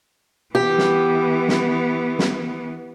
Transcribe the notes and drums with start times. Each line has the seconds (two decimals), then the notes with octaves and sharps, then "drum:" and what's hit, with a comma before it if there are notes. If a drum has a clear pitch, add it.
0.55 E3 B3 G4
0.78 drum: snare
1.49 drum: snare
2.19 drum: snare